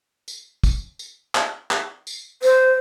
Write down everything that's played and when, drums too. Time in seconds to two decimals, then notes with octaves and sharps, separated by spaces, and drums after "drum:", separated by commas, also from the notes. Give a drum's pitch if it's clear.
0.28 drum: tambourine
0.64 drum: kick, tambourine
0.99 drum: tambourine
1.35 drum: clap
1.71 drum: clap
2.07 drum: tambourine
2.43 C5, drum: tambourine